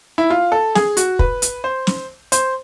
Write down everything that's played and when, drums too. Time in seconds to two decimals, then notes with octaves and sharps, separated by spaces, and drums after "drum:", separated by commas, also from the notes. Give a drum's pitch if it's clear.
0.18 E4
0.30 F4
0.52 A4
0.75 G#4, drum: snare
0.97 F#4, drum: hi-hat
1.19 B4, drum: kick
1.42 drum: hi-hat
1.64 C5
1.87 drum: snare
2.32 C5, drum: hi-hat